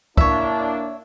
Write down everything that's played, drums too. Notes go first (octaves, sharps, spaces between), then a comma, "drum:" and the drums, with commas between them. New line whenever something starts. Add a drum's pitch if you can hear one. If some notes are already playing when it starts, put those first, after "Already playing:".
A#3 D4 E4 C#5 E5, drum: kick